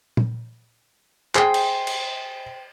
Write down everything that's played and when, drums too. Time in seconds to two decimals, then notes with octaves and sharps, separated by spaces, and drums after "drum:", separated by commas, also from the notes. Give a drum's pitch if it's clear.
0.17 drum: tom A#2
1.35 G#4 C5 G5, drum: clap
1.54 drum: cymbal
1.87 drum: cymbal